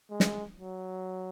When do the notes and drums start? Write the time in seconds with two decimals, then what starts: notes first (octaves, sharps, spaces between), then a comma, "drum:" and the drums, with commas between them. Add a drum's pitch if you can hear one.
0.11 G#3
0.20 drum: snare
0.58 F#3